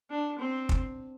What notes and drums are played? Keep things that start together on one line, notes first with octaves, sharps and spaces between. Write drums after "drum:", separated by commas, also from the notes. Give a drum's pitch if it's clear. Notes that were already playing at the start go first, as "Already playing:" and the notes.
D4
C4
drum: kick